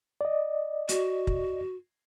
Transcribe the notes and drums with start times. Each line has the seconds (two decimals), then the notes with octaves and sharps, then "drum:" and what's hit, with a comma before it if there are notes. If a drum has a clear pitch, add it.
0.21 D5 D#5
0.89 F#4, drum: hi-hat
1.27 drum: kick